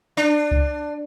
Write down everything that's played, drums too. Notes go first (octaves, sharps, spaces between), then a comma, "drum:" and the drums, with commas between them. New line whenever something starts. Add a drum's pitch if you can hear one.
D4
drum: kick C#2